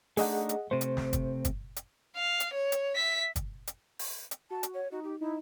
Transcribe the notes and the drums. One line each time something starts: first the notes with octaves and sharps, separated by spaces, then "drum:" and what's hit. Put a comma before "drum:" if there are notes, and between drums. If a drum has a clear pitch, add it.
A3 D4 D#4 G#4 D#5 F#5, drum: open hi-hat
drum: hi-hat
C3 A3 C5
drum: hi-hat
drum: snare
drum: kick, hi-hat
drum: kick, hi-hat
drum: hi-hat
F5
drum: hi-hat
C#5
drum: hi-hat
E5 B6
drum: kick, hi-hat
drum: hi-hat
drum: open hi-hat
drum: hi-hat
F#4 A5
drum: hi-hat
C#5
D#4 F#4
G4
D#4 E4